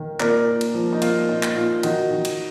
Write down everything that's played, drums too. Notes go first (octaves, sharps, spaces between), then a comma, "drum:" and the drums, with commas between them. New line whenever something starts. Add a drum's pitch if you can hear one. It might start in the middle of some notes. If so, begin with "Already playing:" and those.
Already playing: D#3
A#2 A#4 D5, drum: clap
A#2
drum: cymbal
F3
D#4
A#3 F4, drum: cymbal
A#2 D#4
drum: clap
A#2 F4
D#3 D#4 F#4, drum: cymbal
D#3
drum: cymbal